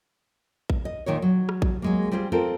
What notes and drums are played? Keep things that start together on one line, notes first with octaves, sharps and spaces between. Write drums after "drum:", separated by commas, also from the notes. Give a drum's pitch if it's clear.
drum: kick A#1
D#5
A#2 D#3 A#4 C#5
F#3
drum: rim click
drum: kick A#1
F#3 G#3 A#3
G3 C4 F4 G#4
C4 F4 A4 A#4